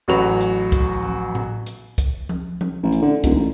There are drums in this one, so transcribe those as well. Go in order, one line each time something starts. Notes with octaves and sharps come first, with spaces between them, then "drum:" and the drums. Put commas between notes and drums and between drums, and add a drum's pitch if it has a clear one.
A1 F#3 F#4 B4 F7
drum: hi-hat
drum: kick, hi-hat
drum: tom F3
drum: tom A2
drum: hi-hat
drum: kick, hi-hat
drum: tom F3
drum: tom F3
A1
drum: hi-hat
D3
D#1, drum: kick, hi-hat
A1